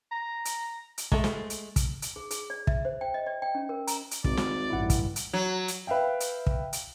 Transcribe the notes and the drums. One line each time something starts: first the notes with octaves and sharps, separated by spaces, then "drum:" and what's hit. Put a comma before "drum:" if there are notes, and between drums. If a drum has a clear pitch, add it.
A#5
drum: hi-hat
drum: hi-hat
G#3 A3 A4, drum: kick
drum: snare
drum: hi-hat
drum: kick, hi-hat
drum: hi-hat
G#4
G#4, drum: hi-hat
D5
E5, drum: kick
C5
G5
D#5
D5
G5
C#4
A#4
A#5, drum: hi-hat
drum: hi-hat
G#1 D5, drum: kick
drum: snare
A1 G2 E4 F#5
drum: kick, hi-hat
drum: hi-hat
F#3
drum: hi-hat
B4 E5 F5 G5
drum: hi-hat
drum: kick
drum: hi-hat